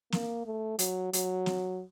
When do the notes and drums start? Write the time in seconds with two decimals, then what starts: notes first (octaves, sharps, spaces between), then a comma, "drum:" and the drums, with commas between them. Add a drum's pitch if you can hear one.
0.12 A#3, drum: snare
0.46 A3
0.79 F#3, drum: hi-hat
1.13 F#3, drum: hi-hat
1.46 drum: snare